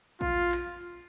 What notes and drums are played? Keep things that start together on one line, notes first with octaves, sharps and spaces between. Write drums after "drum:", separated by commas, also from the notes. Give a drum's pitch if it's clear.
F4, drum: kick A#1
drum: clap